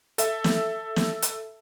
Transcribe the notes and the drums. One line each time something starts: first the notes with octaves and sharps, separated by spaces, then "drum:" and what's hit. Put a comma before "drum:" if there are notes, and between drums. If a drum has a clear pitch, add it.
A4 E5, drum: hi-hat
drum: snare
drum: snare
drum: hi-hat